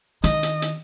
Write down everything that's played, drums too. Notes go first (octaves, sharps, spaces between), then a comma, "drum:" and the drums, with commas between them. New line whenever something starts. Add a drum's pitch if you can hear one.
D#3 D#5, drum: hi-hat
drum: hi-hat
drum: hi-hat